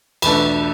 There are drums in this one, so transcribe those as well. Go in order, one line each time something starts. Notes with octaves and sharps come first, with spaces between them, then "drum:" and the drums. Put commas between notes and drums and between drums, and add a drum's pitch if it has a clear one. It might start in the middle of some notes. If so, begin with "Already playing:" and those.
E2 B2 A3 D4 B5, drum: cymbal